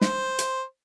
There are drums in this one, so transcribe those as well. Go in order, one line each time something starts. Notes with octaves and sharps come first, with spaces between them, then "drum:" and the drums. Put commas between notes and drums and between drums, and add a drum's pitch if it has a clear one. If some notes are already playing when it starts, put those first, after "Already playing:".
C5, drum: snare
drum: hi-hat